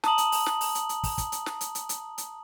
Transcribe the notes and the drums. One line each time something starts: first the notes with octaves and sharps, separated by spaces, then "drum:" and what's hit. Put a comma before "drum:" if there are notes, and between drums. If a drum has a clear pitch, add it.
A5 A#5 D#6 F#7, drum: snare
drum: hi-hat
drum: open hi-hat
drum: snare
drum: open hi-hat
drum: hi-hat
drum: hi-hat
drum: kick, open hi-hat
drum: kick, hi-hat
drum: hi-hat
drum: snare
drum: hi-hat
drum: hi-hat
drum: hi-hat
drum: hi-hat